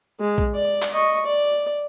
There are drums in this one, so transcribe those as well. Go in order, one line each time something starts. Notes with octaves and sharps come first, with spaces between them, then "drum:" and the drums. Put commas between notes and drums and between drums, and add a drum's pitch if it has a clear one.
G#3
drum: kick
D5
drum: clap
D#5 C#6
D5